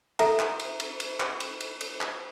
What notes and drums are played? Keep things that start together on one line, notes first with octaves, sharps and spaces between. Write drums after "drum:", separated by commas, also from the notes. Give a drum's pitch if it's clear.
A4 E5 A#5, drum: cymbal
drum: clap
drum: cymbal
drum: cymbal
drum: cymbal
drum: clap
drum: cymbal
drum: cymbal
drum: cymbal
drum: clap